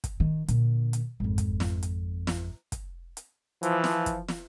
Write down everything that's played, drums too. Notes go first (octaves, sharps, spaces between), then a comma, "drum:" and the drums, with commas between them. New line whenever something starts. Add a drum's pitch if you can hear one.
drum: kick, hi-hat
D#3
A#2 D3, drum: hi-hat
drum: hi-hat
G#1 F2
drum: kick, hi-hat
drum: snare
drum: hi-hat
drum: snare
drum: kick, hi-hat
drum: hi-hat
E3 F3, drum: hi-hat
drum: snare
drum: kick, hi-hat
drum: snare